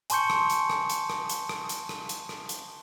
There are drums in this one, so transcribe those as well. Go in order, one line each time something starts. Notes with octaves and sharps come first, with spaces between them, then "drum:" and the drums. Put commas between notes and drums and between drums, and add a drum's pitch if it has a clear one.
G#5 A5 C6 C#6 G6 C#7, drum: hi-hat
drum: rim click
drum: hi-hat
drum: rim click
drum: hi-hat
drum: rim click
drum: hi-hat
drum: rim click
drum: hi-hat
drum: rim click
drum: hi-hat
drum: rim click
drum: hi-hat